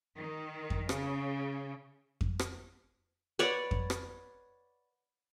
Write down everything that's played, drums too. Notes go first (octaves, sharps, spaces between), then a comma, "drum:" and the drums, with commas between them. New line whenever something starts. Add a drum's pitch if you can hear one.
D#3
drum: kick F2
C#3, drum: rim click
drum: kick F2
drum: rim click
B4 C#5 D5 F#5
drum: kick F2
drum: rim click